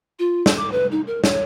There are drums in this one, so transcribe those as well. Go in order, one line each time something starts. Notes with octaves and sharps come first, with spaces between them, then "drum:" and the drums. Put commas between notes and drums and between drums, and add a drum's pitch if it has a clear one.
F4
drum: snare
D6
B4
D#4
A#4
C#5, drum: snare